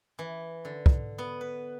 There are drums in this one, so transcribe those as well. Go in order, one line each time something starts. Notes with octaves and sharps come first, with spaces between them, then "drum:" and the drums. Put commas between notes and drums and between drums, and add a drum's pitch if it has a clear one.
E3
D3
drum: kick
B3
B4